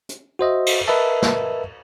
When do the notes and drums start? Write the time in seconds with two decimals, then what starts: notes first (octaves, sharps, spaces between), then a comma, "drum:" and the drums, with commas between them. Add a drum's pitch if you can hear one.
0.09 drum: hi-hat
0.39 F#4 C5 D#5 E5
0.66 drum: cymbal
0.88 A#4 B4 D#5 E5 A5
1.22 drum: snare